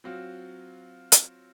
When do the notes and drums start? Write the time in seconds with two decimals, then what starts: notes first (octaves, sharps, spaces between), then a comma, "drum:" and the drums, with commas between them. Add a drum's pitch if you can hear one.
0.04 F#3 C4 F4 F#4
1.12 drum: hi-hat